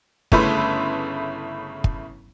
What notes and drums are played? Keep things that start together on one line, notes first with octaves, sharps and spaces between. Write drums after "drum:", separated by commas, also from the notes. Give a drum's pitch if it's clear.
G1 C#3 A3 E4 B4 C6, drum: kick
drum: kick